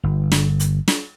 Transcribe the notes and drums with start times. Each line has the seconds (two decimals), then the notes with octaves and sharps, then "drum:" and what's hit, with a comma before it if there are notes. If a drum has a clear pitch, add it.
0.03 G1
0.32 drum: snare
0.60 drum: hi-hat
0.88 drum: snare